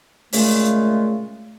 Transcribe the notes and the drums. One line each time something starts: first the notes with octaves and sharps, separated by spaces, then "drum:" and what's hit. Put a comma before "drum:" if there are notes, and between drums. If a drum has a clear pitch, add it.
A#2 C#3 G#3 A3, drum: open hi-hat